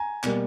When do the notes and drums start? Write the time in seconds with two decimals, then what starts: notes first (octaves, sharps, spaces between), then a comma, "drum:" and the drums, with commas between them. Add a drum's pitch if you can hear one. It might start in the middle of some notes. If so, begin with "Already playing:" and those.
Already playing: G#5 A#5
0.23 B2 G3 A#3, drum: clap